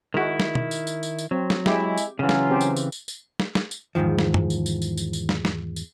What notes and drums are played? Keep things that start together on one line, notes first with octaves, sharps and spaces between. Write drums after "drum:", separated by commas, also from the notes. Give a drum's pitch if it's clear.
D#3 G#3 E4 F#4
drum: snare
drum: tom
drum: tambourine
drum: tambourine
drum: tambourine
drum: tambourine
F#3 C4
drum: snare
G#3 E4 G4, drum: snare
drum: tambourine
C#3 E3 F#3 C#4 F4
drum: snare
C4 G4 C5
drum: tambourine
drum: tambourine
drum: tambourine
drum: tambourine
drum: snare
drum: snare
drum: tambourine
E2 G#2 B2 D#3 F3
drum: snare
drum: tom
drum: tambourine
drum: tambourine
drum: tambourine
drum: tambourine
drum: tambourine
drum: snare
drum: snare
drum: tambourine